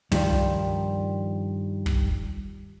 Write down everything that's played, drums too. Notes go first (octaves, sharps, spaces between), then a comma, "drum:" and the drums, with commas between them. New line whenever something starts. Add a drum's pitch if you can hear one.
G2 D#3 F3 G3, drum: tom
drum: kick